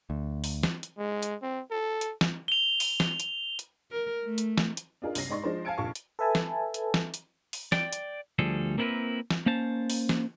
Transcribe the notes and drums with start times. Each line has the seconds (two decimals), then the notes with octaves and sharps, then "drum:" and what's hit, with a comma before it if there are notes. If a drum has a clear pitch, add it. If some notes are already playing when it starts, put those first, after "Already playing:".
0.10 D2
0.44 drum: open hi-hat
0.63 drum: snare
0.83 drum: hi-hat
0.98 G#3
1.23 drum: hi-hat
1.42 C4
1.71 A4
2.01 drum: hi-hat
2.21 drum: snare
2.48 F7 G7
2.80 drum: open hi-hat
3.00 drum: snare
3.20 drum: hi-hat
3.59 drum: hi-hat
3.91 A#4
4.25 A3
4.38 drum: hi-hat
4.58 drum: snare
4.77 drum: hi-hat
5.02 D4 D#4 F4 G#4 A#4
5.15 C2 F#2 C#4 A#6 C7, drum: open hi-hat
5.29 G#2 D#4 D5 C6 C#6 A#6
5.43 F3 G#3 D4 D#4 C5
5.65 F5 G#5 A5 G#6 C#7 D7
5.78 F1 A#1 F4 F5 A5 C#6
5.95 drum: hi-hat
6.19 A4 B4 E5 G#5 A5
6.35 drum: snare
6.74 drum: hi-hat
6.94 drum: snare
7.14 drum: hi-hat
7.53 drum: open hi-hat
7.72 D5 G5, drum: snare
7.93 drum: hi-hat
8.39 D2 F3 G3 G#4 A4
8.78 A#3 C4 E4 G#4 A#4 B4
9.30 drum: snare
9.46 A#3 C#4 C5 A5
9.90 drum: open hi-hat
10.09 drum: snare